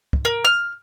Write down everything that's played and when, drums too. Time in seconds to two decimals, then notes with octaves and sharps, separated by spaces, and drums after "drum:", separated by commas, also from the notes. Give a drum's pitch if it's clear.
0.13 drum: kick
0.25 A#4
0.45 F6